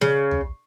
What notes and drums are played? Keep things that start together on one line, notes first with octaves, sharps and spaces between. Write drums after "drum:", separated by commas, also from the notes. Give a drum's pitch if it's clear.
C#3, drum: snare
drum: tom